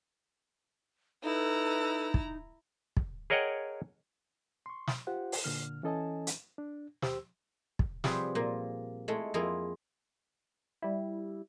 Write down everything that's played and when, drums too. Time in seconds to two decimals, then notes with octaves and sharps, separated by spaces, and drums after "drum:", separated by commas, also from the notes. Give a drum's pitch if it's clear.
1.24 D#4 E4 A4 B4 A#5
2.14 drum: kick
2.97 drum: kick
3.30 G#4 A#4 C#5 D#5 F#5 G5
4.66 C6 C#6
4.87 drum: snare
5.07 F4 G4 C5 F#5
5.32 drum: open hi-hat
5.44 A#2 D3 F6
5.83 E3 C#4 A4 D#5 G#5 A5
6.27 drum: hi-hat
6.58 D4
7.02 D#2 G4 C5 E6, drum: snare
7.79 drum: kick
8.04 C3 F3 G3 C4 G#4 B4, drum: snare
8.35 A#2 A#3
9.08 G#3 A3 E4
9.34 F2 A#3 E4 F4 G#4
10.82 G3 E4